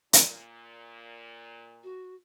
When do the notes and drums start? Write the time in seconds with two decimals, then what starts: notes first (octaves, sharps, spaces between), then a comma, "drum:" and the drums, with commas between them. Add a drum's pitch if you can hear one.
0.13 A#2, drum: hi-hat
1.83 F#4